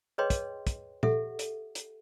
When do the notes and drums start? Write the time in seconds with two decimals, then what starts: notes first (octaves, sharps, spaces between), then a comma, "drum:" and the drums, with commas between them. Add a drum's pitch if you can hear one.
0.18 G#4 B4 C#5 D#5 G5 C6
0.30 drum: kick, hi-hat
0.67 drum: kick, hi-hat
1.03 G4 A4 E5 F#5, drum: tom A#2
1.39 drum: hi-hat
1.75 drum: hi-hat